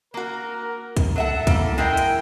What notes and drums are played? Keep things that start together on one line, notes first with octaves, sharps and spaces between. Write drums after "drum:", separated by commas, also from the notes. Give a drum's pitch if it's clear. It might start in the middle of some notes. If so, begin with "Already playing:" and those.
A#3 F#4 A#4
drum: kick, hi-hat
F#3 A4 E5 F#5
A#3 E4, drum: kick, hi-hat
G#3 E4 A#4 G5
drum: hi-hat